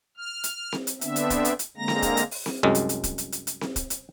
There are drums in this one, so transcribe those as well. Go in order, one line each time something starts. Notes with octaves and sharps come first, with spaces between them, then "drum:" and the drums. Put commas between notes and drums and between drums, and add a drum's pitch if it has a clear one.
F6
drum: hi-hat
drum: snare C4
drum: hi-hat
D3 B3 C4 D4 E5, drum: hi-hat
drum: hi-hat
drum: kick, hi-hat
drum: hi-hat
drum: hi-hat
D3 G#3 A#3 C4 A#5 A#6
drum: snare C4
drum: kick, hi-hat
drum: hi-hat
drum: open hi-hat
drum: snare C4
C2 F#2 G#3
drum: hi-hat
drum: hi-hat
drum: kick, hi-hat
drum: hi-hat
drum: hi-hat
drum: hi-hat
drum: snare C4
drum: kick, hi-hat
drum: hi-hat